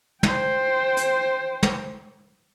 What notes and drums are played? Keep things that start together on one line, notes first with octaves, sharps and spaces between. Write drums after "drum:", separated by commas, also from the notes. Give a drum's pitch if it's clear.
C5 G5, drum: tom
drum: hi-hat
drum: tom